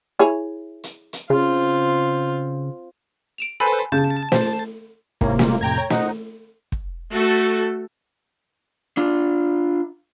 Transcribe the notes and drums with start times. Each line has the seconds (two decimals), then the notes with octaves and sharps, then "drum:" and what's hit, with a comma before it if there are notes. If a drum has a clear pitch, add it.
0.19 E4 G#4 C#5
0.84 drum: hi-hat
1.13 drum: hi-hat
1.30 C#3 C4 F4
3.38 D7 E7 F7
3.60 A4 B4 C5 G#5 B5
3.92 C#3 A5 G6
4.32 C5, drum: snare
5.21 G#2 C3 A#3 E4 C#5, drum: kick
5.39 G3 G#3 F4, drum: snare
5.61 F2 A2 C3 G5 A#5 G#6
5.78 C#5
5.90 D#4 C5 D#5 F#5, drum: snare
6.72 drum: kick
7.11 A3 F#4 A4
8.97 D4 F4